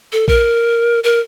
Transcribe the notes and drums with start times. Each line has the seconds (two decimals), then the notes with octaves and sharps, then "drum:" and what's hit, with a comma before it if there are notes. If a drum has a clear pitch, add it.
0.12 A4
0.28 A#4, drum: kick A#1
1.04 A#4